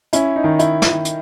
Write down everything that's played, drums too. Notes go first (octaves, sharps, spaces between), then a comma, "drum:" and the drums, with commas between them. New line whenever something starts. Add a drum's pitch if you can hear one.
C#4 E4, drum: hi-hat
D#4
D#3
E4, drum: hi-hat
drum: snare
drum: hi-hat